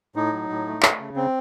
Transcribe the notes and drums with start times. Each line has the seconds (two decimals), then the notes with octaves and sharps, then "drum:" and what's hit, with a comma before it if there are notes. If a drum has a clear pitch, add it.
0.16 A2 D#4
0.33 F#3
0.50 A2
0.67 A3
0.83 A3, drum: clap
0.99 C#3
1.16 C4